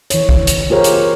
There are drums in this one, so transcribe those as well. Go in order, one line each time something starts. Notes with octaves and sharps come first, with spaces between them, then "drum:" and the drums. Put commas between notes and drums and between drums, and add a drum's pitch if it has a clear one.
E3 C#5, drum: hi-hat
drum: kick
drum: hi-hat
F4 G4 G#4 A#4 C5 C#5
drum: hi-hat